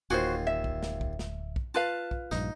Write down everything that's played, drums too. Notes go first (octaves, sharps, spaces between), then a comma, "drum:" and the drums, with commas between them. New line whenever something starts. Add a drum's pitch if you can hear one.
D1 D#2 F4 F#4 C5 G#5
E5
drum: kick
drum: snare
drum: kick
drum: snare
drum: kick
F4 B4 F5 A5
drum: kick
A#1 G2 D#4, drum: snare